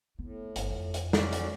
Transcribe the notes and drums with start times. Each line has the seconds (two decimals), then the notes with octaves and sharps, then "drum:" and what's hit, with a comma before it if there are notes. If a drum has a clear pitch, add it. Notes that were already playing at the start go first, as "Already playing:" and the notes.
0.19 A2 B3
0.56 G1, drum: hi-hat
0.70 F2
0.94 drum: hi-hat
1.13 C#4 F#4 D5, drum: snare
1.33 drum: hi-hat